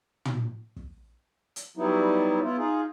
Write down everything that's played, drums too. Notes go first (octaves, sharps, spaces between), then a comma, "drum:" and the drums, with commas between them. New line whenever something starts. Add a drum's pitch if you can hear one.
drum: tom
drum: kick
drum: hi-hat
F#3 G3 B3 D#4 E4
B3 E4 F4
D#4 F4 G#4